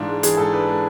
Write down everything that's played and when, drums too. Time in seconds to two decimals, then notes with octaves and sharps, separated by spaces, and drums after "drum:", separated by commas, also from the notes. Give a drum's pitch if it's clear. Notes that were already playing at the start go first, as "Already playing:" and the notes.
Already playing: G#2 E3 D4 F4
0.09 G#3
0.23 E3 G#4, drum: hi-hat
0.37 G#2 A4
0.53 D4 B4
0.68 G#3